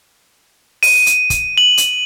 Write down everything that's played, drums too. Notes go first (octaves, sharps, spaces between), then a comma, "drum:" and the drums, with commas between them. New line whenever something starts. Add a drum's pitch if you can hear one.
D#7, drum: open hi-hat
drum: hi-hat
drum: kick, hi-hat
F#7
drum: hi-hat